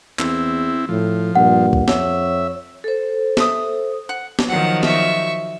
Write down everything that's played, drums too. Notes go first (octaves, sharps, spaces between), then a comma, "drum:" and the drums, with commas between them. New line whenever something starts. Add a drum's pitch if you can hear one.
E2 C4 E4, drum: clap
A2 F3
G2 A#2 F#5
drum: kick B1
F2 C#5 E5, drum: snare
A4 C5
E5 D#6, drum: snare
F#5
drum: snare
D#3 F3 F#3 F#5
E5 C#6, drum: snare